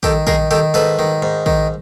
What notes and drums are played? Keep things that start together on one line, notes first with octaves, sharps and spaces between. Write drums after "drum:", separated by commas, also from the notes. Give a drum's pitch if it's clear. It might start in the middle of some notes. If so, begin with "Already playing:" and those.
D#3 G4 A4, drum: kick A#1
D#3 G#4 A#4, drum: kick A#1
D#3 G4 A4
G#2 A4 B4
D#3
G#2
D#3, drum: kick A#1